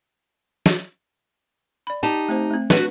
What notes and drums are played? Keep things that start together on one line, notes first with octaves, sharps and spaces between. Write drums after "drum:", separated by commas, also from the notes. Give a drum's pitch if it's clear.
drum: snare
D5 B5
D#4 G4 A5
A3 C4 C5
A3 C4
D4 F#4 B4, drum: snare